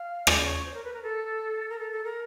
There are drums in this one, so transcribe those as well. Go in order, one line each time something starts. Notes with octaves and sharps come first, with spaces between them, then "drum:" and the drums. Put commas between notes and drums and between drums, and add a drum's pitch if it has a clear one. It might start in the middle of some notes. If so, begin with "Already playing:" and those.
Already playing: F5
D5, drum: rim click
D5
C#5
C5
A#4
B4
A#4
A4
A#4
A4
A4
A#4